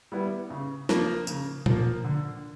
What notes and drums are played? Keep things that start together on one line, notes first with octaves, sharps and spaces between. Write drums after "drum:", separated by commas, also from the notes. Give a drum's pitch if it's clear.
G3 B3 E4
C#3
F3 A#3, drum: snare
C#3, drum: tambourine
F3 A#3, drum: tom A#2
D3